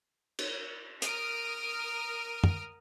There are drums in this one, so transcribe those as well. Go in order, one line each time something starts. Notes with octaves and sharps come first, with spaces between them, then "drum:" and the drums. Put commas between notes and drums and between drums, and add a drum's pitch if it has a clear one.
drum: cymbal
A#4 D#6 F6 D7, drum: hi-hat
drum: tom